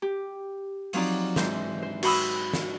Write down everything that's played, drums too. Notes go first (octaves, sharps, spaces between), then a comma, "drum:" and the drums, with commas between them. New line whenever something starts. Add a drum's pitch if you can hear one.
G4
F3 F#3 C4 D#4 D5, drum: open hi-hat
G#2 E3 C5 C6 G6, drum: snare
C5
F#4 C5 B5 D#6 E6, drum: cymbal
drum: snare